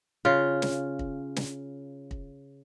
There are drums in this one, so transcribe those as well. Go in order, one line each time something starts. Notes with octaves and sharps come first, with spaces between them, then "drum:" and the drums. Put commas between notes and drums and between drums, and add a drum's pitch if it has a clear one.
C#3 F4
drum: snare
drum: kick
drum: snare
drum: kick